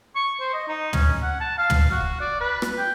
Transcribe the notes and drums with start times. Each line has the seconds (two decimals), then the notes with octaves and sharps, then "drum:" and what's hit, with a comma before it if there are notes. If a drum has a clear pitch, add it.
0.16 C#6
0.40 C5
0.53 D#5
0.68 D#4
0.93 C#4, drum: tom
1.22 F#5
1.40 A5
1.58 F5
1.70 drum: tom
1.91 F#4
2.01 drum: kick
2.21 D5
2.40 B4
2.62 drum: rim click
2.78 G5